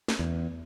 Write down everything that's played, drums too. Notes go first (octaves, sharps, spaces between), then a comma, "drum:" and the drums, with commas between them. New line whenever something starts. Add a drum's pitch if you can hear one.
drum: snare
E2